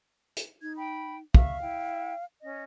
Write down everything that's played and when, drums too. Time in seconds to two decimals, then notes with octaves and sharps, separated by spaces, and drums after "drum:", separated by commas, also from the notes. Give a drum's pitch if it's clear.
0.37 drum: hi-hat
0.62 D#4 G#6
0.77 G5 B5
1.34 E5 F5 C#6, drum: kick
1.61 E4 G5
2.42 C#4 D#5